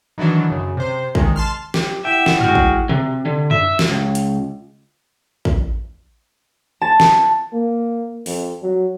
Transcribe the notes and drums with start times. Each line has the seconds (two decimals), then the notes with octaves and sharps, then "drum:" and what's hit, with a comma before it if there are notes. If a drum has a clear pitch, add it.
0.18 D#3 E3 F#3 D4
0.49 F#2 C#3
0.77 C3 C5
1.15 C3 D#3 G#3, drum: kick
1.36 A5 C6 F6
1.74 G4, drum: snare
2.05 E4 E5 F#5 G5 D6
2.26 drum: snare
2.41 G#3 F#4 G5 F6, drum: tom F#2
2.55 drum: kick
2.89 C3, drum: tom B2
3.25 D3
3.51 E5, drum: tom F#2
3.79 drum: snare
3.89 C#2
4.15 drum: hi-hat
5.45 drum: kick
6.81 A5
7.00 drum: snare
7.53 A#3
8.26 F2, drum: open hi-hat
8.63 F#3